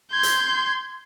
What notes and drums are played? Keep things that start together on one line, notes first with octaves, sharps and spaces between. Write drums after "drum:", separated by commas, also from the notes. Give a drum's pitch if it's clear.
C6 G6 G#6
drum: hi-hat